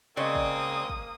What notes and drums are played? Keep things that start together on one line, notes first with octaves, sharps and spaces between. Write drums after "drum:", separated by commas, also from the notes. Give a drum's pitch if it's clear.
C#3 G#3 A#3 C4 D5 D#5 D#6
drum: kick
drum: kick